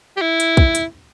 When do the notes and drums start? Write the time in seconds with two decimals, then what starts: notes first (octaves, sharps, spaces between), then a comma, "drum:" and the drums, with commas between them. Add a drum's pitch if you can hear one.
0.17 G4
0.22 E4
0.40 drum: hi-hat
0.57 drum: kick A#1
0.75 drum: hi-hat